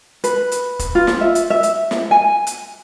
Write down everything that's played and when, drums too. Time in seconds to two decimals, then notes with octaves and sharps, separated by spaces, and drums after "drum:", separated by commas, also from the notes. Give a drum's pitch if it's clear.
0.24 B4, drum: hi-hat
0.52 drum: hi-hat
0.79 drum: kick, hi-hat
0.95 F4
1.07 drum: snare
1.21 E5
1.35 drum: hi-hat
1.50 E5
1.63 drum: hi-hat
1.91 drum: snare
2.11 G#5
2.47 drum: hi-hat